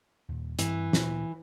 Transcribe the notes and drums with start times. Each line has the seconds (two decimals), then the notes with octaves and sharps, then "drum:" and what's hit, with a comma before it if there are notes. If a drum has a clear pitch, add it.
0.29 D#2 A#2
0.59 G2 E3 C4, drum: hi-hat
0.93 D2 A#2 B3, drum: snare